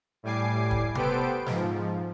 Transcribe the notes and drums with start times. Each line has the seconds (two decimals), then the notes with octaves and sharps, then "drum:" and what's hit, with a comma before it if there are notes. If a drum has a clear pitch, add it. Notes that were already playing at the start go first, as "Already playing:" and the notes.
0.23 A2 G3 G#5 D6 C7
0.71 drum: kick
0.95 B3 G4 A4 B4 C5 D7, drum: tom C3
1.46 G#2 F3, drum: snare